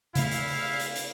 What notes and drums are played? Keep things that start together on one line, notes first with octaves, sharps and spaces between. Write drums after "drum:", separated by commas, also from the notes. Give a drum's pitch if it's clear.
C#3 A3 E4 F5, drum: hi-hat
drum: hi-hat
drum: open hi-hat
drum: hi-hat
drum: hi-hat